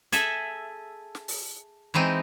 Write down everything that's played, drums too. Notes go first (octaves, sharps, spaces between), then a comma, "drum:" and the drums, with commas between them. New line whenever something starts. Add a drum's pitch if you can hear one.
G#4 A4 E5, drum: hi-hat
drum: snare
drum: open hi-hat
E3 G#3 C4 D#4